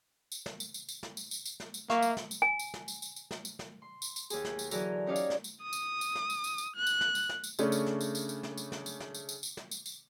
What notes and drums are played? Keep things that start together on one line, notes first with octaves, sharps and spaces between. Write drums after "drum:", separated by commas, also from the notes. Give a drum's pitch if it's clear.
drum: tambourine
drum: snare
drum: tambourine
drum: tambourine
drum: tambourine
drum: snare
drum: tambourine
drum: tambourine
drum: tambourine
drum: snare
drum: tambourine
A#3 E5 F5 C#6, drum: snare
drum: tambourine
drum: snare
drum: tambourine
G#5
drum: tambourine
drum: snare
drum: tambourine
drum: tambourine
drum: tambourine
drum: snare
drum: tambourine
drum: snare
C6
drum: tambourine
drum: tambourine
D#2 G#4, drum: tambourine
drum: snare
drum: tambourine
D3 E3 F#3 G#4 A#4, drum: tambourine
C#4 D#4 G4 C#5 D5 F5
drum: tambourine
drum: snare
drum: tambourine
D#6
drum: tambourine
drum: tambourine
drum: snare
drum: tambourine
drum: tambourine
drum: tambourine
F#6
drum: tambourine
drum: snare
drum: tambourine
drum: snare
drum: tambourine
C#3 A3 C#4 D4, drum: tambourine
drum: tambourine
drum: snare
drum: tambourine
drum: tambourine
drum: tambourine
drum: snare
drum: tambourine
drum: snare
drum: tambourine
drum: snare
drum: tambourine
drum: tambourine
drum: tambourine
drum: snare
drum: tambourine
drum: tambourine